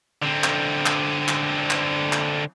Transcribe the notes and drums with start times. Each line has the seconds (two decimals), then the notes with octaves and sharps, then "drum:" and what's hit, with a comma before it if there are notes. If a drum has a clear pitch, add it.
0.23 D3 C4
0.44 drum: clap
0.86 drum: clap
1.28 drum: clap
1.70 drum: clap
2.13 drum: clap